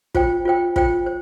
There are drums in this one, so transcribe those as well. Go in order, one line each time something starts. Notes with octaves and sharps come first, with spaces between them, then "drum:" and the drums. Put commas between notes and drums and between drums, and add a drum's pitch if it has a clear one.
F4 C5 G5, drum: kick
F4 C5 G5
F4 C5 G5, drum: kick
C5